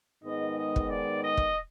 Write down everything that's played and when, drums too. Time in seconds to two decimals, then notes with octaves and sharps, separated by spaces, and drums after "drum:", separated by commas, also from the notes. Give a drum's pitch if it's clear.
0.23 G#2 D#3 G#3 B3 D#4 D#5
0.57 D#5
0.76 drum: kick
0.89 D5
1.21 D#5
1.37 drum: kick